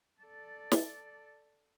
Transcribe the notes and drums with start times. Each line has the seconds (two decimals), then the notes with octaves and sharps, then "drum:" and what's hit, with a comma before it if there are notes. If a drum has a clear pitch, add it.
0.22 A4 D5
0.72 drum: snare